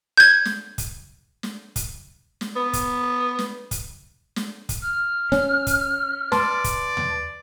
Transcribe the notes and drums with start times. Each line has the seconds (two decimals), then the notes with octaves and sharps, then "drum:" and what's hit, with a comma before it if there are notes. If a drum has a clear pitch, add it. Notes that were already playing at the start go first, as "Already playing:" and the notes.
0.17 G6 G#6
0.45 drum: snare
0.78 drum: kick, hi-hat
1.43 drum: snare
1.76 drum: kick, hi-hat
2.41 drum: snare
2.56 B3
2.73 drum: kick, hi-hat
3.39 drum: snare
3.71 drum: kick, hi-hat
4.36 drum: snare
4.69 drum: kick, hi-hat
4.81 F6
5.32 C#4, drum: snare
5.67 drum: kick, hi-hat
6.32 B4 D5 A5 C6, drum: snare
6.64 drum: kick, hi-hat
6.97 drum: tom D#2